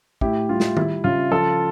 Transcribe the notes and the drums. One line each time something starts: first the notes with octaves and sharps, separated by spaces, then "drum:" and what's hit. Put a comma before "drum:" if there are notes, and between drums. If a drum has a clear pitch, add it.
A2 E4 G4, drum: kick
G3 F4
drum: snare
G3 E4, drum: tom D#3
C#3 F4
F3 F4 A4